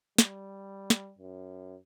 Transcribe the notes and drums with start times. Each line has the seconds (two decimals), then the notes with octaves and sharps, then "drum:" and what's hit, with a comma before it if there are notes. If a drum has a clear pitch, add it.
0.18 G3, drum: snare
0.90 drum: snare
1.18 F#2